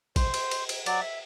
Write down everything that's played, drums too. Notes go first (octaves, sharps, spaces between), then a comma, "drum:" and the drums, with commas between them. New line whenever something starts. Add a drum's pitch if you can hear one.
C5, drum: kick A1, cymbal
drum: cymbal
drum: cymbal
drum: cymbal
F#3 D5, drum: cymbal
E5